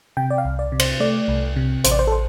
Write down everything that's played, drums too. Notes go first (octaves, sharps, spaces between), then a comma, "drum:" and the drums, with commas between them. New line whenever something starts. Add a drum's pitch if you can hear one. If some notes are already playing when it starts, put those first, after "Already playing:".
C3 G5
D5
F5
C2
D5
C3
C5, drum: cymbal
A3 D5
C2
C3
A1 C5, drum: hi-hat
D5
C5
A4
C5